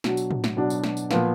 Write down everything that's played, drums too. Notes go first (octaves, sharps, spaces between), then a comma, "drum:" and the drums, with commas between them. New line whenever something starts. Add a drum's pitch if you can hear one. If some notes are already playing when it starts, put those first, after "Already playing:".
B2 F#3 D4 F#4, drum: snare
drum: tambourine
drum: tom
drum: snare
B2 F#3 D4 F#4
drum: tambourine
drum: snare
drum: tambourine
A#2 F3 B3 F4, drum: snare